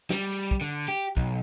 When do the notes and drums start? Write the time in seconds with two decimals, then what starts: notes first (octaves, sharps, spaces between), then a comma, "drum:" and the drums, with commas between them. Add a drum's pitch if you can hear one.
0.10 G3, drum: snare
0.51 drum: kick
0.61 D3
0.88 G4
1.17 B1, drum: kick